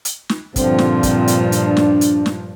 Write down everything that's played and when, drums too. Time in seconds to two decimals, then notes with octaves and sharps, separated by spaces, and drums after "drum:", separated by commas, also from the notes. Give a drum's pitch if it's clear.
0.05 drum: hi-hat
0.29 drum: snare
0.56 G2 A#2 D3 F3 C4, drum: kick, hi-hat
0.78 drum: snare
1.03 drum: kick, hi-hat
1.28 drum: hi-hat
1.52 D4, drum: hi-hat
1.77 drum: snare
2.01 drum: hi-hat
2.26 drum: snare